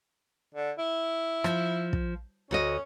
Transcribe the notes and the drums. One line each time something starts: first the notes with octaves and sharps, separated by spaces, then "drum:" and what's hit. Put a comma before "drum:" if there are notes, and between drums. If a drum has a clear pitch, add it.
D3
E4
F3, drum: rim click
drum: kick
D2 C#4 F#4 D#5